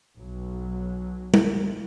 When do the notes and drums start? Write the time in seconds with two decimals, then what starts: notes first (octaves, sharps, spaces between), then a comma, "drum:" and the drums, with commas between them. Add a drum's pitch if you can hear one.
0.15 B1 F#3
1.34 drum: tom G3